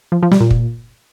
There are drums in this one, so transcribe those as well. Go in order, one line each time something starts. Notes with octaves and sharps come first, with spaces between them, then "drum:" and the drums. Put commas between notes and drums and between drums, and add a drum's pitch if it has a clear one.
F3
F3
G3, drum: snare
A#2
drum: kick